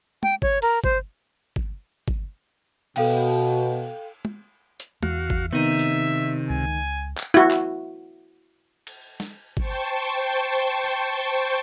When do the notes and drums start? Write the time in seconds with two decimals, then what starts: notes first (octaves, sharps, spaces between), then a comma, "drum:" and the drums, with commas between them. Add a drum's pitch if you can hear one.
0.23 G5, drum: tom
0.42 C#5, drum: kick G1
0.62 A#4, drum: open hi-hat
0.84 C5, drum: kick G1
1.56 drum: kick G1
2.08 drum: kick G1
2.96 B2 A4 F5 G5, drum: cymbal
4.25 drum: tom
4.80 drum: hi-hat
5.03 E2 F#4 F5, drum: tom
5.30 drum: kick G1
5.53 C3 D#3 B3 D#4 E5
5.79 drum: hi-hat
6.50 C#2 G#5
7.18 drum: clap
7.34 E4 F#4, drum: hi-hat
7.51 drum: clap
8.87 drum: cymbal
9.20 drum: snare G#3
9.57 C5 G5 A5 C#6, drum: kick G1
10.84 drum: tambourine